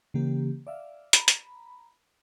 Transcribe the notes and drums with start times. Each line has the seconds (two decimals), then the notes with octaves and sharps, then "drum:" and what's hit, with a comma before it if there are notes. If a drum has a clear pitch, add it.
0.14 C#3 E3 A#3 G4
0.67 D5 E5 F5
1.13 A#5 B5, drum: hi-hat
1.28 drum: hi-hat